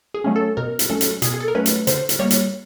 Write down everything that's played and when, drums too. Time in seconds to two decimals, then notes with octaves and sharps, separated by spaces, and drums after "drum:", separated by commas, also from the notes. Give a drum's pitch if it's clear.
0.14 G#4
0.24 F#3 A3 C#4
0.36 A4
0.57 B2 A#4
0.79 drum: hi-hat
0.90 F#3 A3 C#4 A4
1.01 drum: hi-hat
1.22 B2 G#4, drum: hi-hat
1.34 G#4
1.40 A4
1.48 A#4
1.55 F#3 A3 C#4 B4
1.66 drum: hi-hat
1.87 D3 C5, drum: hi-hat
2.09 drum: hi-hat
2.19 G3 A#3 C#5
2.31 drum: hi-hat